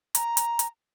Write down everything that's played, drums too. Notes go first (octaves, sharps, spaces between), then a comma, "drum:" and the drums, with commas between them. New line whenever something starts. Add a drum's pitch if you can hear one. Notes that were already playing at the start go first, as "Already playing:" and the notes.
A#5, drum: hi-hat
drum: hi-hat
drum: hi-hat